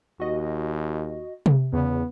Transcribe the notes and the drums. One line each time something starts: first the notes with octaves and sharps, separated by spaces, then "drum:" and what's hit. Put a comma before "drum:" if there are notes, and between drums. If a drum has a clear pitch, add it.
D#2 F#4 D#5
drum: tom C3
E2 C#3 B3